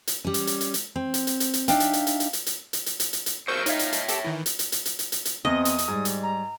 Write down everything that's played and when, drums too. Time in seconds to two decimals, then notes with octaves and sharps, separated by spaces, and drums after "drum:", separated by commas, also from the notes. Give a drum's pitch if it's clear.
0.07 drum: hi-hat
0.25 G3 C#4
0.34 drum: hi-hat
0.47 drum: hi-hat
0.61 drum: hi-hat
0.74 drum: hi-hat
0.96 C4
1.14 drum: hi-hat
1.27 drum: hi-hat
1.40 drum: hi-hat
1.54 drum: hi-hat
1.68 D4 D#4 E5 F5 G5, drum: hi-hat
1.80 drum: hi-hat
1.93 drum: hi-hat
2.07 drum: hi-hat
2.20 drum: hi-hat
2.33 drum: hi-hat
2.46 drum: hi-hat
2.73 drum: hi-hat
2.86 drum: hi-hat
3.00 drum: hi-hat
3.13 drum: hi-hat
3.26 drum: hi-hat
3.48 F#4 A#4 C5 C#6 E6 G6
3.66 D#4 C#5 E5 F5, drum: hi-hat
3.79 drum: hi-hat
3.93 drum: hi-hat
4.08 G4 A4, drum: hi-hat
4.25 D#3 E3
4.46 drum: hi-hat
4.59 drum: hi-hat
4.72 drum: hi-hat
4.86 drum: hi-hat
4.99 drum: hi-hat
5.12 drum: hi-hat
5.25 drum: hi-hat
5.45 E2 C4 D#5 D#6
5.65 drum: hi-hat
5.78 drum: hi-hat
5.88 G#2 G3
6.05 drum: hi-hat
6.23 A#5